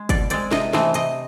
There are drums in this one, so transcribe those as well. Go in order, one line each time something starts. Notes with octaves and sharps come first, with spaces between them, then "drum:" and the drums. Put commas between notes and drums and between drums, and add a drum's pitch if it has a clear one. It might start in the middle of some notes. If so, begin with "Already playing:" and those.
Already playing: G#3
B2 D5, drum: kick, hi-hat
G#3 C4 D5, drum: hi-hat
C3 D#5, drum: snare
E3 A3 C4, drum: snare
C3 D#5, drum: hi-hat